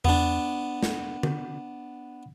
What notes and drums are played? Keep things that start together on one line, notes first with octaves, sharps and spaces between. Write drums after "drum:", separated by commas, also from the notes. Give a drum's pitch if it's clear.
B3 D4, drum: tom E2
drum: snare
drum: tom D3